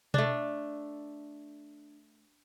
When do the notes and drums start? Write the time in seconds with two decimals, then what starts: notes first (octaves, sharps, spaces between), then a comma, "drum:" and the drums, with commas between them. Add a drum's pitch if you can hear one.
0.14 A3 D4, drum: tom B2